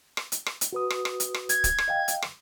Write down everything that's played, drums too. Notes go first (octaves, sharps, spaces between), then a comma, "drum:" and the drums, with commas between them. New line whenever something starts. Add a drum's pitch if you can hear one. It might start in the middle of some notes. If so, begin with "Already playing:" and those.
drum: rim click
drum: hi-hat
drum: rim click
drum: hi-hat
F#4 B4 D#6
drum: rim click
drum: rim click
drum: hi-hat
drum: rim click
G#6, drum: hi-hat
drum: kick, hi-hat
drum: rim click
D#5 F5 G5
drum: hi-hat
drum: rim click